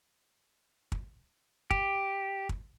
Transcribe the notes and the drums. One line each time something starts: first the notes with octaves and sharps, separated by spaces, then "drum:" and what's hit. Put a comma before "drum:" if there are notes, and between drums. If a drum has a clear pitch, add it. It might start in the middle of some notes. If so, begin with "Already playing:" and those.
drum: kick
G4, drum: kick
drum: kick